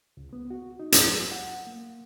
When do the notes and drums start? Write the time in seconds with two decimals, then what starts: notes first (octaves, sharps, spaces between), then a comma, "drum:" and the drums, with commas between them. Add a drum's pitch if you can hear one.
0.17 C#2
0.33 B3
0.51 F#4
0.80 D#4
0.92 C6, drum: hi-hat
1.07 F#3
1.31 F#5
1.67 A#3